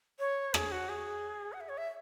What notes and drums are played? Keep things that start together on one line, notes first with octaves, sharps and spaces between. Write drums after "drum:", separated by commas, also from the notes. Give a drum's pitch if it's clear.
C#5
G#4, drum: rim click
F#4
G#4
F#5
E5
C#5
E5